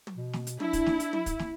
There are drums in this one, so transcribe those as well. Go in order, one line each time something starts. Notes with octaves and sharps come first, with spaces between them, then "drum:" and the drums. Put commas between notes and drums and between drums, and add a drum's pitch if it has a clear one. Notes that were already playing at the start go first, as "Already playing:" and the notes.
drum: tom
B2
drum: snare
drum: hi-hat
D4 E4, drum: tom
drum: kick, hi-hat
drum: snare
drum: hi-hat
drum: tom
drum: kick, hi-hat
drum: snare